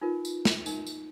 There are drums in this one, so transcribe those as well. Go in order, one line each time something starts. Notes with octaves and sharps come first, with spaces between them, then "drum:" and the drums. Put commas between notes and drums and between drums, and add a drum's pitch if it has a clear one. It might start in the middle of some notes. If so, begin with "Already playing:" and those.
D#4 F4 A#4 B4
drum: tambourine
drum: snare
D#4 A#4, drum: tambourine
drum: tambourine